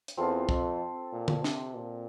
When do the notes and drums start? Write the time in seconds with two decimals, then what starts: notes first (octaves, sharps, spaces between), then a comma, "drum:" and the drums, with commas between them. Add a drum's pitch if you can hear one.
0.08 drum: hi-hat
0.17 E2 C4 F4 A4
0.49 F2, drum: kick
1.13 A#2
1.28 drum: tom D3
1.44 C3, drum: snare
1.76 A#2